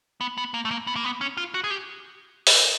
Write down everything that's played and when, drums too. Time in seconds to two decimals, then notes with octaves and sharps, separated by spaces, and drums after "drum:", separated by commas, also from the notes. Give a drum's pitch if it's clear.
0.21 B3
0.38 B3
0.54 A#3
0.65 A3
0.71 A#3
0.87 B3
0.96 A#3
1.04 B3
1.21 C#4
1.37 F4
1.54 F#4
1.64 G#4
1.70 G4
2.47 drum: open hi-hat